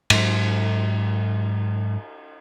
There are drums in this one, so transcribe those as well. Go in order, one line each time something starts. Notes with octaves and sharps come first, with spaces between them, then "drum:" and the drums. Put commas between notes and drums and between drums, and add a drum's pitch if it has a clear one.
G#2 F#3, drum: cymbal